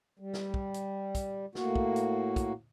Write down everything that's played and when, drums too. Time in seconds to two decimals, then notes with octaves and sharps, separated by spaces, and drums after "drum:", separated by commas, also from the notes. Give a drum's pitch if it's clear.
0.19 G3
0.34 drum: snare
0.54 drum: kick
0.74 drum: hi-hat
1.15 drum: kick, hi-hat
1.55 A2 A#3 F#4, drum: snare
1.76 drum: kick
1.96 drum: hi-hat
2.36 drum: kick, hi-hat